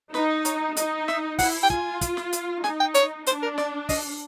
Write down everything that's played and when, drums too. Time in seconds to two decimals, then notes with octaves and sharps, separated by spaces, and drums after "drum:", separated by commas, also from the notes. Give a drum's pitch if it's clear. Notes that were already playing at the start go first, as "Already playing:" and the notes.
0.14 D#4 B4, drum: snare
0.45 C#5, drum: hi-hat
0.77 D#4 D#5, drum: hi-hat
1.08 E5, drum: snare
1.39 E4 F#5, drum: kick, open hi-hat
1.63 G5
1.70 F4 G#5, drum: kick
2.01 drum: kick, hi-hat
2.17 drum: snare
2.33 drum: hi-hat
2.64 D#4 G#5, drum: snare
2.80 G5
2.94 C#5, drum: hi-hat
3.26 D4 C5, drum: hi-hat
3.42 A#4
3.58 D5, drum: snare
3.89 D#5, drum: kick, open hi-hat